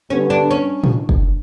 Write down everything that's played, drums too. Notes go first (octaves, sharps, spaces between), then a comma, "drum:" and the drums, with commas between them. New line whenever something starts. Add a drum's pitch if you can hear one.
D3 G3 B3 C#4
D4
C#4
drum: tom A2
drum: kick